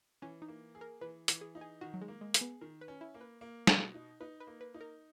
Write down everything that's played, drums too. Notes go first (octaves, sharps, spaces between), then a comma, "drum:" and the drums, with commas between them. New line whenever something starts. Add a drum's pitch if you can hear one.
E3 C#4
D#4
A#3
G#4
A#4
E3 B4
E3, drum: hi-hat
G#4
D#4
G#4
D#3 F#4
F#3
G#3
A#3
G#3
G#4, drum: hi-hat
B3
D#3 A#4
B4
C#4
E4
A#3
B4
A#3
B2, drum: snare
D#4
D#4 B4
B4
A#3
B4
D#4
A#4